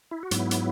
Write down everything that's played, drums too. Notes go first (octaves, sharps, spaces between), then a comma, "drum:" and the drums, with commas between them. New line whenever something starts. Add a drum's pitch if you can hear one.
E4
F#4
G#2 F#3 B3 E4, drum: hi-hat
drum: hi-hat